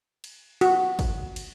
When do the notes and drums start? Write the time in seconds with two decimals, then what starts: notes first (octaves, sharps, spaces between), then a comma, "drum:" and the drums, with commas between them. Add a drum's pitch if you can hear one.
0.24 drum: cymbal
0.61 F#4, drum: cymbal
0.99 drum: kick, cymbal
1.36 drum: cymbal